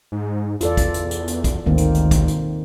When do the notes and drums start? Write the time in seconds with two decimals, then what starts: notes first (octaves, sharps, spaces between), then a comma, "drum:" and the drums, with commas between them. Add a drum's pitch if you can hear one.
0.12 G#2
0.61 E2 F4 A4 D5, drum: hi-hat
0.77 drum: kick, hi-hat
0.94 drum: hi-hat
1.11 drum: hi-hat
1.28 drum: hi-hat
1.44 drum: kick, hi-hat
1.66 G#1 D2 D#3 A#3 C4
1.78 drum: hi-hat
1.95 drum: hi-hat
2.11 drum: kick, hi-hat
2.28 drum: hi-hat